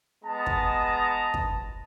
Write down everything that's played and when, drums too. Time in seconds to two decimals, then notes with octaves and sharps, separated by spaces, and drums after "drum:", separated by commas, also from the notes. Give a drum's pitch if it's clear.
0.25 G#3 B3 D#5 A5 A#5
0.46 drum: kick
1.34 drum: kick